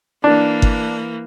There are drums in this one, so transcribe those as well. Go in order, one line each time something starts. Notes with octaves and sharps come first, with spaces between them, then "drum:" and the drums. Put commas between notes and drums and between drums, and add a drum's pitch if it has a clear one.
E3 A#3 D4
drum: kick G1